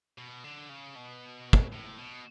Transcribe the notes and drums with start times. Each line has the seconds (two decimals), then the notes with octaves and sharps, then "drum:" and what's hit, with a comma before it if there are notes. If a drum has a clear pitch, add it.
0.18 B2
0.44 D3
0.70 C#3
0.96 B2
1.53 drum: kick
1.73 A2
1.99 B2